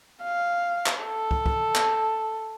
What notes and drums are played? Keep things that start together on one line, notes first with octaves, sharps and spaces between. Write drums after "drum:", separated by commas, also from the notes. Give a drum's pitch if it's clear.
F5
drum: clap
A4
drum: kick
drum: kick
drum: clap